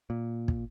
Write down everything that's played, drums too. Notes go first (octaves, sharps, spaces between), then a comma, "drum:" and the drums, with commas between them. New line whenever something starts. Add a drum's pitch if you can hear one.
A#2
drum: kick